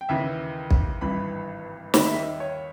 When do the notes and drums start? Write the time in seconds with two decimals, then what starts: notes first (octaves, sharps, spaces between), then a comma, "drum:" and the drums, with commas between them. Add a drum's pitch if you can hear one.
0.01 G5
0.09 D#2 C#3 E3 E5
0.71 drum: kick B1
1.01 G#1 G2 E3 B5
1.94 D#2 D#3 B5, drum: snare
2.06 E5
2.17 D#5
2.40 C#5